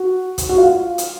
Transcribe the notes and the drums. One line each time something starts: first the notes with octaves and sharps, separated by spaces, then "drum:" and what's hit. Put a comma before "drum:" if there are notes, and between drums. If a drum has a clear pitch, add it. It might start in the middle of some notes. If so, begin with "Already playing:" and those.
Already playing: F#4
drum: kick, hi-hat
F#4
F4
drum: hi-hat